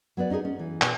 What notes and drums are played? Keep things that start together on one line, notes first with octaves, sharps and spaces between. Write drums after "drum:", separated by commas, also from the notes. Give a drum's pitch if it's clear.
F#3 B3 B4 D5
C#4 D#4 F4 G#4 A#4
C#4
E3
B2, drum: clap